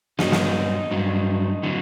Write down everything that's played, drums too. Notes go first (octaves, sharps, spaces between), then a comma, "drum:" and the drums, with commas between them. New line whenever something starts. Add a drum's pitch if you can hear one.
G2 F#3 D#4, drum: snare
drum: snare
G2 F#3
D3 F#3